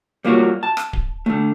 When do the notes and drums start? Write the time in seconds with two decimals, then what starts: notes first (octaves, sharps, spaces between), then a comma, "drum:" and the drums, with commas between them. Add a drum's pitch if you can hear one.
0.25 G3 A#3 B3 F4 F#4 C#5
0.63 A5
0.77 drum: rim click
0.93 drum: kick D1
1.26 D3 A3